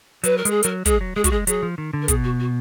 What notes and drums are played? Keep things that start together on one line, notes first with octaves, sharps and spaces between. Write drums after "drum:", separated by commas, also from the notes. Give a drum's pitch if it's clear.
F#3 B4, drum: hi-hat
A#4
G#3 G#4, drum: hi-hat
F#3 A#4, drum: hi-hat
G#3 G#4, drum: kick, hi-hat
F#3
G#3 G#4
F#4, drum: kick, hi-hat
G#3 G#4
F#3 G#4, drum: hi-hat
F3
D#3
D3
A#4
B2 G#4, drum: kick, hi-hat
F#4
F#4